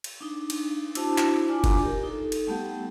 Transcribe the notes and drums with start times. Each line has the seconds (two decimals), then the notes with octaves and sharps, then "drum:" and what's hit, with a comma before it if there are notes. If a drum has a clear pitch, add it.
0.04 drum: cymbal
0.21 D4 D#4
0.50 drum: cymbal
0.95 D4 E4 F#4 C5 A5, drum: cymbal
1.18 drum: clap
1.48 D4 F4 D5 G#5 A#5 D6
1.64 drum: kick F1, cymbal
1.82 G4 A#4
2.03 D#4 A4
2.32 drum: cymbal
2.47 G3 A3 B3 G4 F#5